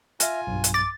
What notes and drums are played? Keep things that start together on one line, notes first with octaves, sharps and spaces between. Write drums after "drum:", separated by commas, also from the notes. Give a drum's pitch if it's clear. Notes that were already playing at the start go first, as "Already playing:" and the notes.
F4 E5 G#5 F6 A#6, drum: hi-hat
B1 G2
drum: hi-hat
D6 A6